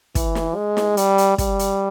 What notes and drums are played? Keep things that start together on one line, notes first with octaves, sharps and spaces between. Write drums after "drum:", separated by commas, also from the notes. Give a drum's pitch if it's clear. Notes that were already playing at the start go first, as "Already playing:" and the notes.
E3, drum: kick, hi-hat
drum: snare
G#3
drum: snare
G3, drum: hi-hat
drum: hi-hat
G3, drum: kick, hi-hat
drum: hi-hat